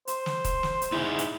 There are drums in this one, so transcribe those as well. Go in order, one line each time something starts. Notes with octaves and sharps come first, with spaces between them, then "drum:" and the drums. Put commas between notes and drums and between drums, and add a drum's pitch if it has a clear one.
C5, drum: hi-hat
drum: snare
drum: kick D#1, hi-hat
drum: snare
drum: hi-hat
D#4 E4 G#4
drum: hi-hat